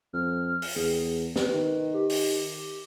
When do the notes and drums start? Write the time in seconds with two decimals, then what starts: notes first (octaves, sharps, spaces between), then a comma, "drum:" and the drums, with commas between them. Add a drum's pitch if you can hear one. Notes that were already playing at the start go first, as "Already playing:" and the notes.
0.13 F2 F6
0.62 drum: open hi-hat
0.76 E2 G#4
1.36 B4, drum: snare
1.54 D#3
1.94 G4
2.09 drum: open hi-hat